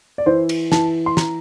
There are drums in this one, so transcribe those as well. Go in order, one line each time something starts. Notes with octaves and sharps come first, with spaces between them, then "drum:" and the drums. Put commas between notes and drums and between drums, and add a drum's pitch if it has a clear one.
D5
E3 C5
drum: cymbal
E3 A5, drum: snare
C6
A#5, drum: snare